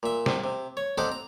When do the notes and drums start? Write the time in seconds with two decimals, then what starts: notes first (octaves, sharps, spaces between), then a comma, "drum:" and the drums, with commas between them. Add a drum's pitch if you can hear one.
0.03 A#2 E5
0.26 C3, drum: snare
0.44 C3
0.77 C#5
0.98 C4 D#4 G4 A4 D5 F#5
1.12 A#5